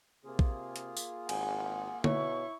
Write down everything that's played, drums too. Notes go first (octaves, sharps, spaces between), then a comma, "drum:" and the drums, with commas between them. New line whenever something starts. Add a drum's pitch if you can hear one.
C3 A#3 F4 G#4
drum: kick A#1
drum: hi-hat
drum: tambourine
G#1 F#5 G#5, drum: cymbal
B2 E4 C#5 C#6, drum: tom D3